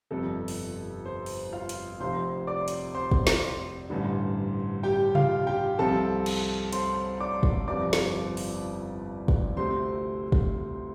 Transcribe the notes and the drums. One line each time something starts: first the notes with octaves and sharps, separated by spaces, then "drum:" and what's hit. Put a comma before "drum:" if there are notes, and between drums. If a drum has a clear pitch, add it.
G1 F2 C3 G3 A4
drum: open hi-hat
C5
drum: open hi-hat
F4 F5
drum: hi-hat
F1 F2 C3 C5 C6
D5 D6
drum: hi-hat
C5 C6
drum: kick
drum: snare
A1 G2 D3
G4 G5
F4 F5, drum: tom C3
G4 G5
C2 C3 F3 C4 A4 A5
drum: cymbal
C5 C6, drum: hi-hat
D5 D6
drum: kick
G1 F2 C3 F3 C4 D5 D6
drum: snare
drum: open hi-hat
drum: kick
D2 C3 A3 C4 C5 C6
drum: kick